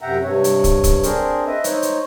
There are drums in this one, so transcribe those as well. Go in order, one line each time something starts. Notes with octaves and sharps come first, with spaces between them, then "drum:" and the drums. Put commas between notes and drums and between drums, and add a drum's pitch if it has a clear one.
F#2 C3 E5 F#5 G5 A#5
G2 C3 C#5
drum: hi-hat
drum: kick, hi-hat
drum: kick, hi-hat
C4 D4 G#4 A#4 C5, drum: hi-hat
B4 D#5 E5
D#4 C5 C#5, drum: hi-hat
drum: hi-hat